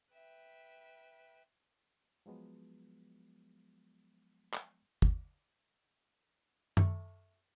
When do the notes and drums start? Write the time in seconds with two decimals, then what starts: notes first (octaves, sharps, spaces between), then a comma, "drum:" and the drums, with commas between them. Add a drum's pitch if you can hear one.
0.13 B4 E5 G5
2.26 F3 F#3 G#3 B3
4.53 drum: clap
5.02 drum: kick
6.77 A3, drum: tom F#2